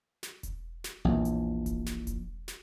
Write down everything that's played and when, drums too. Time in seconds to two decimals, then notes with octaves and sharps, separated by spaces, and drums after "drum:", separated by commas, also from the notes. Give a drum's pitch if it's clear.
0.23 drum: snare
0.43 drum: kick E1, hi-hat
0.84 drum: snare
1.05 A#1 E2
1.25 drum: hi-hat
1.66 drum: kick E1, hi-hat
1.86 drum: snare
2.07 drum: kick E1, hi-hat
2.48 drum: snare